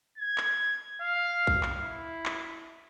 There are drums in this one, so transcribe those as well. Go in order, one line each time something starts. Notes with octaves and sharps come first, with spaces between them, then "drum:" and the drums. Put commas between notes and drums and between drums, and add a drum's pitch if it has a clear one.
G#6
drum: clap
F5
drum: kick
drum: clap
E4
drum: clap